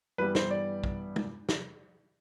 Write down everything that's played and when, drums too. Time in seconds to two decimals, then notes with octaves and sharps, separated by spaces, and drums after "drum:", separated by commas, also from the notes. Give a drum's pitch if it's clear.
0.18 G2 E3 G3 B3 B4
0.35 C5, drum: snare
0.51 D5
0.84 drum: kick
1.16 drum: tom
1.49 drum: snare